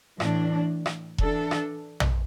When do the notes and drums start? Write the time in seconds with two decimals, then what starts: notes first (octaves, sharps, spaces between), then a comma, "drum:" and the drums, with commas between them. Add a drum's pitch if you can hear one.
0.20 A2 E3 D4, drum: rim click
0.86 drum: rim click
1.18 E3 D4 A4, drum: kick E1
1.51 drum: rim click
2.00 drum: tom A#1